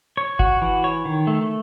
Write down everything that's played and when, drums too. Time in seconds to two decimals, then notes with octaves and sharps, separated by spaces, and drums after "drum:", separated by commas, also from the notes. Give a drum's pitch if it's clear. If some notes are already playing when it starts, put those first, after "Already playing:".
0.17 C#5
0.39 F#4, drum: kick G1
0.62 E3
0.84 C#5
1.05 D#3
1.27 A3